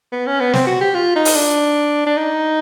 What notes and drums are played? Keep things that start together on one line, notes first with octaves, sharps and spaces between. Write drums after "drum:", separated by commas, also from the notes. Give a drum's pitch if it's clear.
B3
C#4
B3
C4, drum: snare
F#4
G4
F4
D#4
drum: open hi-hat
D4
D4
D#4